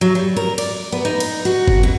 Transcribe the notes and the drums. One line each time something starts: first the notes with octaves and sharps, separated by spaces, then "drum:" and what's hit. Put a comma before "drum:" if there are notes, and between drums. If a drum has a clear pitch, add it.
F#3
G3
A#4
D5, drum: cymbal
B3
D#4
drum: cymbal
F#4
drum: kick
B2